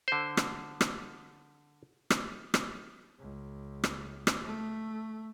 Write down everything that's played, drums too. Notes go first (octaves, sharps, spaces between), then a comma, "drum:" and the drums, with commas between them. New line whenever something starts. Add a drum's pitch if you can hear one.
D3 C5
drum: rim click
drum: rim click
drum: rim click
drum: rim click
C#2
drum: rim click
drum: rim click
A3